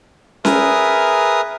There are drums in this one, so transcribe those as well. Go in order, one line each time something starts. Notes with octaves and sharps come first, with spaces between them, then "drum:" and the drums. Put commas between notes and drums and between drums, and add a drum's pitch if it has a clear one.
G#4 A#4 B4 E5 D#6 F6, drum: snare C#4